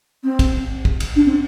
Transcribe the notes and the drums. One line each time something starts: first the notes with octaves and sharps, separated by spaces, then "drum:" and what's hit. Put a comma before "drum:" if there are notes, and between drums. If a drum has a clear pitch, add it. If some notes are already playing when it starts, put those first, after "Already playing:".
C4
drum: kick, cymbal
drum: kick
drum: cymbal
D4
C4